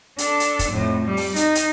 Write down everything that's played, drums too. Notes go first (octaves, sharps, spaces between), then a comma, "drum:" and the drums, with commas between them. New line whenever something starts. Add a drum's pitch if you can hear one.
D4 A4, drum: hi-hat
drum: hi-hat
drum: kick, hi-hat
F2 A2
G3
drum: open hi-hat
D#4, drum: hi-hat
drum: hi-hat